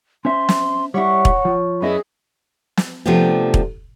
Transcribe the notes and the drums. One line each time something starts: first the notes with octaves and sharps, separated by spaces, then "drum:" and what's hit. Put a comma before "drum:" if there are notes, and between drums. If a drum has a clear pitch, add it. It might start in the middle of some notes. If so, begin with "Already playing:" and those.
C#4 C5 E5 C6
drum: snare
G3 E4 C#5 F#5
drum: kick E1
F3
F#2 B3 C#4 E4 G#4 D#5
drum: snare
C3 F3 A3 B3 D4 G4
drum: kick E1